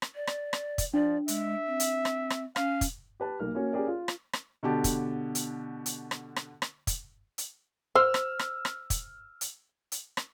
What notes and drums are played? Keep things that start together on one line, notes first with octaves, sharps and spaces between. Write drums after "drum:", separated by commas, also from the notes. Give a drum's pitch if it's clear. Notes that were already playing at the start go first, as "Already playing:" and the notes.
drum: rim click
D5
drum: rim click
drum: rim click
drum: kick, hi-hat
F3 D4 D5
G#3 E5, drum: hi-hat
C4
drum: hi-hat
drum: rim click
drum: rim click
C#4 F5, drum: rim click
drum: kick, hi-hat
G4 B4 A5
B1 A#3 F6
A#3 C#4 F#4 C#5
C#4 G4 G#4 A#4 D5
F4
drum: rim click
drum: rim click
B2 D3 G4 A5
drum: kick, hi-hat
drum: hi-hat
drum: hi-hat
drum: rim click
drum: rim click
drum: rim click
drum: kick, hi-hat
drum: hi-hat
C5 E6 F6
drum: rim click
drum: rim click
drum: rim click
drum: kick, hi-hat
drum: hi-hat
drum: hi-hat
drum: rim click